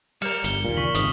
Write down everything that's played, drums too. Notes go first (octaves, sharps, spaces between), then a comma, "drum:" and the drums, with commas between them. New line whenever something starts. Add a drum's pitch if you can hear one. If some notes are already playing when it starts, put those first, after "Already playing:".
G3 A#4 F6 C#7 E7, drum: open hi-hat
G1 G7, drum: hi-hat
D#2 A#2
C#3 E3 C#6 B6 F#7
G#1 G#2 D#6 F#7, drum: hi-hat